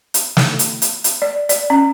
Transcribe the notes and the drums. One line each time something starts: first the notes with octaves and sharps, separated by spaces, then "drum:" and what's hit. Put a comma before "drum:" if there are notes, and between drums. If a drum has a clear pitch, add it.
drum: hi-hat
drum: snare
drum: hi-hat
drum: hi-hat
drum: hi-hat
D5
D5, drum: hi-hat
C#4